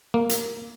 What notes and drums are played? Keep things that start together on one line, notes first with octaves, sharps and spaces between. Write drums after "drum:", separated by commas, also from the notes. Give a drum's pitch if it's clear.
A#3
drum: hi-hat